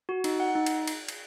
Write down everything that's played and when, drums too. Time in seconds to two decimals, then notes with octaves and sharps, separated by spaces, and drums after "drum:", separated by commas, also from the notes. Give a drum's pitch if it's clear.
0.09 F#4
0.24 D#4, drum: cymbal
0.40 F#5
0.55 D#4
0.66 drum: cymbal
0.88 drum: cymbal
1.09 drum: cymbal